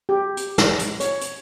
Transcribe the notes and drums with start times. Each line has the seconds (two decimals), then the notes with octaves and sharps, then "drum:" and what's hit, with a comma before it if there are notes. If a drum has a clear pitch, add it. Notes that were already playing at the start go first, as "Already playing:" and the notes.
0.09 G4
0.37 drum: hi-hat
0.58 drum: snare
0.79 drum: hi-hat
1.00 C#5, drum: hi-hat
1.21 drum: hi-hat